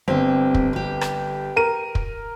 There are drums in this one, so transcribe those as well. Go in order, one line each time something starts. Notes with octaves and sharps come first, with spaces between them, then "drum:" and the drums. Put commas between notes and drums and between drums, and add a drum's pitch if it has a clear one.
G1 C4 G4
drum: kick
G4 B4
drum: rim click
A#4 D#7
drum: kick